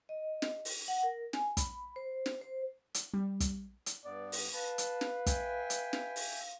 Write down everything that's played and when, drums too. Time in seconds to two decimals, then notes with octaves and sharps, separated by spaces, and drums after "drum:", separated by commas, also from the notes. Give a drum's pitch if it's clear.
0.09 D#5
0.42 drum: snare
0.65 drum: open hi-hat
0.88 F#5
1.03 A#4
1.33 G#5, drum: snare
1.57 B5, drum: kick, hi-hat
1.96 C5
2.26 drum: snare
2.41 C5
2.94 drum: hi-hat
3.14 G3
3.40 drum: kick, hi-hat
3.86 drum: hi-hat
4.05 G2 B3 D5
4.32 drum: open hi-hat
4.54 B4 F5 A5
4.78 drum: hi-hat
5.01 drum: snare
5.26 E5 G5 G#5, drum: kick, hi-hat
5.70 drum: hi-hat
5.93 drum: snare
6.16 drum: open hi-hat